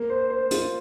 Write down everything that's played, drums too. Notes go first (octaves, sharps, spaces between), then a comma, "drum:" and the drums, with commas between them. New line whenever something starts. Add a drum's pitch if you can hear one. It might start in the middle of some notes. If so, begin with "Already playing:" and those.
Already playing: A#3
C5
C5
F4, drum: hi-hat